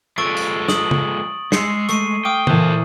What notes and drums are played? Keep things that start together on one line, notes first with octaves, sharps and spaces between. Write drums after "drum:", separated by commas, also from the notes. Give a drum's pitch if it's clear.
F3 G#3 A4 C#6 E6 A6 B6 D7
drum: tambourine
D#6 F#7, drum: snare
drum: tom
G#3 C#6 E6 C7 C#7, drum: snare
A3 C#6 C7 D#7, drum: hi-hat
F5 G5 D6 D#6
A#2 E3 A4 C5 F#5, drum: tom